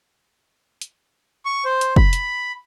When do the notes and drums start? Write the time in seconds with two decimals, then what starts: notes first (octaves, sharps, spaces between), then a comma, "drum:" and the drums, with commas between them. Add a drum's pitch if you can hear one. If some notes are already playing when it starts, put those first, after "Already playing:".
0.81 drum: hi-hat
1.45 C#6
1.65 C5
1.81 drum: hi-hat
1.96 B5, drum: kick
2.13 drum: hi-hat